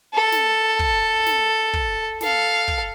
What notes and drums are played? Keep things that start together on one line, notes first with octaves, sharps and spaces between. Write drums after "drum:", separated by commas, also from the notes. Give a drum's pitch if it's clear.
A4
drum: snare
drum: kick
drum: snare
drum: kick
A4 F5, drum: snare
drum: kick